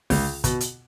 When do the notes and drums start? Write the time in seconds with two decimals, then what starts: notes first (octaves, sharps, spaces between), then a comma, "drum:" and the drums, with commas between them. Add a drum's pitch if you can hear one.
0.10 C#2, drum: kick, open hi-hat
0.44 B2, drum: kick, hi-hat
0.61 drum: hi-hat